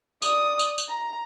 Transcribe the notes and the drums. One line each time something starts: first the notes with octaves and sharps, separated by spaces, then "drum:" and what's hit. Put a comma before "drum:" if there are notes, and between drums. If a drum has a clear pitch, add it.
D5 D#6, drum: tambourine
drum: tambourine
drum: tambourine
A#5